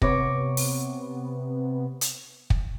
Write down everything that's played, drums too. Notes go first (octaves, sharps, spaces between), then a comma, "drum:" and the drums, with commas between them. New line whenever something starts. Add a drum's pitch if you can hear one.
C3 B3 C#5 D6 A#6, drum: kick
drum: open hi-hat
drum: hi-hat
drum: kick